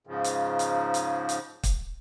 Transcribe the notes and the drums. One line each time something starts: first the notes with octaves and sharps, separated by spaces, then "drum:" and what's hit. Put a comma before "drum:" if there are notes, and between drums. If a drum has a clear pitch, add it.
G#2 C#3 F3
drum: hi-hat
drum: hi-hat
drum: hi-hat
drum: hi-hat
drum: kick, hi-hat